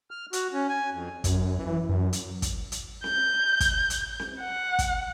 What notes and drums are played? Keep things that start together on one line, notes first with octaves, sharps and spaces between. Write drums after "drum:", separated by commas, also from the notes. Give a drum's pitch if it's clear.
F6
F#4, drum: hi-hat
C#4
G#5
F2
F#2, drum: kick, hi-hat
E3
F#2
drum: hi-hat
drum: kick, hi-hat
drum: hi-hat
G6, drum: snare C4
drum: kick, hi-hat
drum: hi-hat
drum: snare C4
F#5
drum: kick, hi-hat